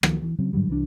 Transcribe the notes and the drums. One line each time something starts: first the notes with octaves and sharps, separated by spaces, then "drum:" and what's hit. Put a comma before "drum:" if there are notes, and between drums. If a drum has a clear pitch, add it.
D#3 F3 A#3, drum: rim click
E3
C#3 F#3 C4
G#2 D3 F#3 G3
C2 E3 F3 D4